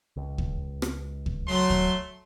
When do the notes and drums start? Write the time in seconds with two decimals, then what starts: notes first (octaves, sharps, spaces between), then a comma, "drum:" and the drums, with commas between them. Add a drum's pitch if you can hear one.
0.16 C#2
0.38 drum: kick
0.82 drum: rim click
1.26 drum: kick
1.47 F#3 A3 C6
1.70 drum: kick